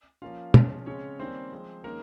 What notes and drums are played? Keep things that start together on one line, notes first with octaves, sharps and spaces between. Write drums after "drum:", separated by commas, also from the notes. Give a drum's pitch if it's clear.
F3 A#3 C#4 F4 F5
F3 G#3 C#4, drum: tom
C#3 G#3 C4 C#4 C#5
D#3 G3 A#3 C4 C#4 C5
F3 G#3 C4
D#3 G#3 A#3 C#4 A#4